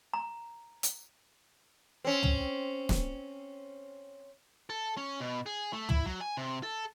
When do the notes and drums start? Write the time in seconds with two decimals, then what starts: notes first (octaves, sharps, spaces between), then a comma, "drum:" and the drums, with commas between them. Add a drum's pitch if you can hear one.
0.14 A#5
0.83 drum: hi-hat
2.04 C4 C#4
2.23 drum: tom
2.89 drum: snare
4.70 A4
4.97 C#4
5.20 B2
5.46 G#4
5.73 A3
5.89 E4, drum: tom
6.06 F#3
6.21 G#5
6.37 C3
6.63 A4